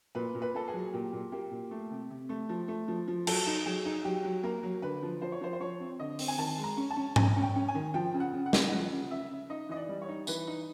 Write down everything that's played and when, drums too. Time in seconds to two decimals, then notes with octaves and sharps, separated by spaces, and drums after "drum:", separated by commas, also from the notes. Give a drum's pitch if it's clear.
0.15 A#2 B4
0.35 A#2
0.42 B4
0.54 A#3 A4
0.68 G#4
0.74 F#3
0.93 A#2 G4
1.13 A#2
1.32 A#3 G4
1.51 A#2
1.71 A3
1.91 C3
2.10 C3
2.29 A3
2.49 F3
2.68 A3
2.88 F3
3.08 F3
3.27 F#3 A4, drum: cymbal
3.47 D#4
3.66 F#3 G#4
3.85 D#4
4.05 F#3 G4
4.25 F#3
4.43 A#3 A#4
4.63 F#3
4.82 D3 B4
5.03 F3
5.21 F3 C5
5.32 C#5
5.41 F3 C5
5.53 C5
5.60 F3 C#5
5.80 C4
5.99 D3 D#5
6.19 C4, drum: open hi-hat
6.28 G#5
6.38 D#3 A5
6.58 G#3
6.64 A#5
6.77 C#4
6.91 A5
6.97 C#4
7.16 C#4 G#5, drum: tom G#2
7.36 C#4
7.42 G5
7.56 C#4
7.68 G#5
7.75 D#3
7.94 F3 G5
8.14 C#3
8.20 F#5
8.33 C#3
8.46 F#5
8.53 C#3, drum: snare
8.72 F3 F#5
8.92 C#3
9.11 C#3 E5
9.30 C#3
9.50 D#4 D#5
9.69 E3 D#5
9.76 D5
9.89 G3
10.02 C#5
10.08 D#4
10.27 E3 B4, drum: tambourine
10.47 D#4